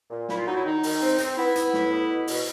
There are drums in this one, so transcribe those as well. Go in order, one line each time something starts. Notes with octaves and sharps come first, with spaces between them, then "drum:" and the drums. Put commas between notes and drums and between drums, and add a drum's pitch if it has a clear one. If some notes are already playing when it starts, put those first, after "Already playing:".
A#2
A#2 E4, drum: snare
F4
F#3 D#4
E4
D#3 D#4
D#3, drum: open hi-hat
C4
C4, drum: hi-hat
B3 E4
B3, drum: hi-hat
A2, drum: snare
B3
B2
B2, drum: open hi-hat